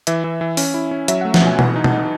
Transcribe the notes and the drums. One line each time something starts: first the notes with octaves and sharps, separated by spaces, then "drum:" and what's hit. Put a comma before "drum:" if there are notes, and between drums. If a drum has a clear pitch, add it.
E3 E5, drum: hi-hat
E3
E3
C#4, drum: open hi-hat
E4
C#4
F#3 E5, drum: hi-hat
A3 F#5
F#5, drum: snare
B2 G#5
E3 F#5, drum: tom B2
D#4
A5, drum: tom B2
D#4